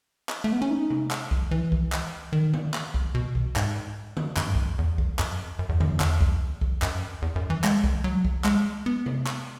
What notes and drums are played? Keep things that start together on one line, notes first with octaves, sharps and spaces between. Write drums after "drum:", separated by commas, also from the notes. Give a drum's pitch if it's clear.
drum: clap
A3
B3
C#4
D#4
drum: tom C3
drum: clap
drum: kick C2
E3
drum: kick C2
drum: clap
D#3
drum: tom D3
drum: clap
drum: kick C2
B2
drum: kick C2
G#2, drum: clap
drum: tom D3
F#2, drum: clap
G#2
F#2, drum: kick C2
E2
drum: kick C2
F#2, drum: clap
F#2
E2
F#2, drum: tom D3
E2, drum: clap
drum: kick C2
drum: kick C2
F#2, drum: clap
E2
F#2
E3
G#3, drum: clap
drum: kick C2
F#3
drum: kick C2
G#3, drum: clap
B3
drum: tom C3
drum: clap